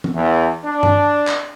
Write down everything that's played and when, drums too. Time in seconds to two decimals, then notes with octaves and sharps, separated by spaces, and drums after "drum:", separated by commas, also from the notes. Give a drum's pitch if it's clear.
0.04 drum: tom E3
0.15 E2
0.65 D4
0.83 drum: tom G2
1.27 drum: clap